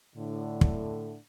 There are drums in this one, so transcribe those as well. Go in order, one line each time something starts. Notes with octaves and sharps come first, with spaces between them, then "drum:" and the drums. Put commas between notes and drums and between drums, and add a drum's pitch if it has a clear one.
A2 D3
drum: kick